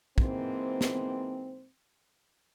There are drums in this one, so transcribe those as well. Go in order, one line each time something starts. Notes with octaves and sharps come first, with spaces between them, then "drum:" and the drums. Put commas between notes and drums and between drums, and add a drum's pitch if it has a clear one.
G#2 E3 A#3 C4, drum: kick
drum: snare